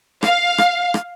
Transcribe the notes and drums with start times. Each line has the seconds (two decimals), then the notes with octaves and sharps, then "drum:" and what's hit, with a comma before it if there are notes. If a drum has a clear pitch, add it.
0.23 F5, drum: rim click
0.58 drum: rim click
0.94 drum: rim click